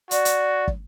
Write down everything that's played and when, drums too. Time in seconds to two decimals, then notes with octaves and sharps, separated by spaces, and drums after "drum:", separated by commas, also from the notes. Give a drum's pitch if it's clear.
0.11 F#4 D5, drum: hi-hat
0.25 drum: hi-hat
0.68 drum: kick